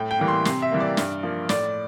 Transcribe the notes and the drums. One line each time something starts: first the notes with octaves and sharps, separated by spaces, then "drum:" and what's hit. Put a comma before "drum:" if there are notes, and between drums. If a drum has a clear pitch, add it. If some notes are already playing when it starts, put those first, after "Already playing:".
Already playing: A2 G5
G5
E3 G3 A#3
C6
C3 C6, drum: snare
E5
E3 G3 A#3
D5
G2, drum: snare
F3 A#3
A2 D5, drum: snare